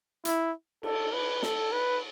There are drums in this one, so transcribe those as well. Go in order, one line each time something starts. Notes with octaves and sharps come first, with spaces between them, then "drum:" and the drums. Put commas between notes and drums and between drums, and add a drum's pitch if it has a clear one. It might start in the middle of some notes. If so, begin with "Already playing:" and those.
E4, drum: hi-hat
A4, drum: cymbal
B4
A4, drum: snare
B4